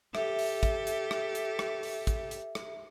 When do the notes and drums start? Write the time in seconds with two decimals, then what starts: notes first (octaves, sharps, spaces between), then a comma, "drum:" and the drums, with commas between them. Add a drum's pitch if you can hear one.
0.15 G4 A4 E5, drum: rim click
0.39 drum: open hi-hat
0.63 drum: kick, hi-hat
0.87 drum: hi-hat
1.11 drum: rim click
1.35 drum: hi-hat
1.59 drum: rim click
1.83 drum: open hi-hat
2.07 drum: kick, hi-hat
2.31 drum: hi-hat
2.55 drum: rim click